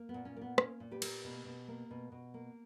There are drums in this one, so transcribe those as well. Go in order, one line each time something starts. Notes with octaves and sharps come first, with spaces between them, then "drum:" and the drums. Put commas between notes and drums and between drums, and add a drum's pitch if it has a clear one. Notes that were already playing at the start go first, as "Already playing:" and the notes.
Already playing: A#3
B3
A#2
C#4
A#3 B3
A#3 C#4, drum: rim click
A#2
G4 B4
A#3, drum: cymbal
B2
B2
A#3
B2
B2
A#3